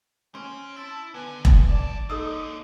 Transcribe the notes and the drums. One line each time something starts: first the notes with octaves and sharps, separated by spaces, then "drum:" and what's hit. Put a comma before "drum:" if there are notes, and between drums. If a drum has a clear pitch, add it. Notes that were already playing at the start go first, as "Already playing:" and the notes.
C4 C#4 C6
E4 A5
D3 B3 G#5
drum: kick E1
D#2 D5 A5
D3 A#3 D#4 A4 D#6 E6